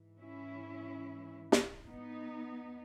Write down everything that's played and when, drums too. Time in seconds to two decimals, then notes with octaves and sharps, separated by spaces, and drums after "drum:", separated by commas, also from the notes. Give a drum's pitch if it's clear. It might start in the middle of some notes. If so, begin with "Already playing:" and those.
Already playing: G#2 E3
0.17 C#4 E4
1.52 drum: snare
1.85 B3 D#4
2.53 E2